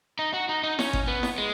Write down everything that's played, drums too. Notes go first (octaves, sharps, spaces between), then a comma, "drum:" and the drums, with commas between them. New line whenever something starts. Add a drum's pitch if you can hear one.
D#4
F#4
D#4
D#4
C#4, drum: snare E4
drum: kick G#1
B3
drum: snare E4
G#3